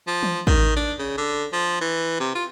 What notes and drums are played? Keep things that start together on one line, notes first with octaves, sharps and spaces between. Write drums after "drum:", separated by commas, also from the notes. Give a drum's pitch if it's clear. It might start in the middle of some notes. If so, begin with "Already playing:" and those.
F3
drum: tom E3
D#3, drum: kick
D4
C#3
D3
F3
E3
C3
F4